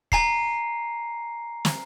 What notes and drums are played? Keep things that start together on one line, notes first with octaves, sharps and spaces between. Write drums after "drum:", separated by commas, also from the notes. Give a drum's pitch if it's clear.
G#5 A#5 C7, drum: kick
drum: snare